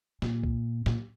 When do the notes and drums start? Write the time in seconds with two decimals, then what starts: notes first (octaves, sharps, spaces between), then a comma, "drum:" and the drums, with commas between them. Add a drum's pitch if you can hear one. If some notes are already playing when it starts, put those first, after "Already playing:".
0.22 A#2, drum: snare
0.43 drum: kick C2
0.86 A#2, drum: snare